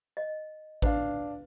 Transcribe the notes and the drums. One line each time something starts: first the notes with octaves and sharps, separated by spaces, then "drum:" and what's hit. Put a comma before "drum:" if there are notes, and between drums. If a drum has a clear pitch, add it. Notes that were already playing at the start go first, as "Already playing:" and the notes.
D#5
D4 B4 F5, drum: kick A1